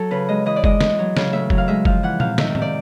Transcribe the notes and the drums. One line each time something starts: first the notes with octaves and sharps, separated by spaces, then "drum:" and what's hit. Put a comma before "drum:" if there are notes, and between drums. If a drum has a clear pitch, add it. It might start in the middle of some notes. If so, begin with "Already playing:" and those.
Already playing: F#3 A4
C#3 B4
G#3 D#5
E3 D#5
D5
G#3 D#5, drum: kick F#1
E3, drum: snare
F#3
C#3, drum: snare
A2 E5
F#3, drum: kick F#1
F5
G#3 E5
F3 F5, drum: kick F#1
E3 F#5
C3 F5, drum: tom A#2
D#3 E5, drum: snare
C3, drum: tom A2
D5